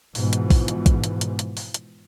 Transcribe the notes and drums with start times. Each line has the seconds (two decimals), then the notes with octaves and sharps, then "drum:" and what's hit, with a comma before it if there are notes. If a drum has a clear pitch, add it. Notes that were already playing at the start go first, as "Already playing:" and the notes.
0.15 G#2 B2 E3 F3, drum: open hi-hat
0.33 drum: hi-hat
0.50 drum: kick, open hi-hat
0.68 drum: hi-hat
0.86 drum: kick, hi-hat
1.04 drum: hi-hat
1.21 drum: hi-hat
1.39 drum: hi-hat
1.57 drum: open hi-hat
1.74 drum: hi-hat